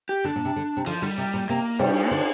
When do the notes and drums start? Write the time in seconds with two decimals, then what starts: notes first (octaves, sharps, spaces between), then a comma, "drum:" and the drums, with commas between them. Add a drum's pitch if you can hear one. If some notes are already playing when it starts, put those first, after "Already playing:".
0.09 G4
0.24 D3 D4
0.36 A#2
0.45 C3
0.56 D3
0.77 C3
0.86 D3 F3, drum: cymbal
1.02 D3 G3
1.18 C3
1.34 A#2
1.49 C3 A#3
1.79 C3 G3, drum: cymbal
2.11 D3 D4